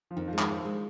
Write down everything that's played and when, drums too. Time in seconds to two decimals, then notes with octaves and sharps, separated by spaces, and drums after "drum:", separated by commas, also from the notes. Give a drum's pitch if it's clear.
0.11 F3
0.16 F2 D#3
0.27 F3
0.33 G#3
0.39 D#3, drum: clap
0.49 F3
0.65 G#3